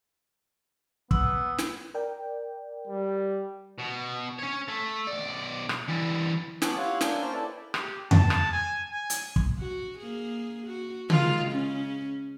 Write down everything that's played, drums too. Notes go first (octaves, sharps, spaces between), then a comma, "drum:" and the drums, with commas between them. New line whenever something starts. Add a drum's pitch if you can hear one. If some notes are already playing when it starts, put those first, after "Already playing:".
B3 E6, drum: kick
drum: snare
A#4 D5 G5
G3
B2
C#4 C#5
A3
B1 D5
drum: rim click
E3 G3
B3 C#4 A5 B5 D6 F#6, drum: snare
E4 F4 G4 C#5 F5 F#5
A#3 D4 E5 G#5 G6, drum: snare
C#4 C5 G5 A5 F6
E4 A4 B4 D5
G4, drum: rim click
A5, drum: tom F2
drum: rim click
G#5
G#5
drum: hi-hat
drum: kick
F#4
A#3 G#4
F#4
D#3 G#3 F4, drum: tom C#3
C#3 C#4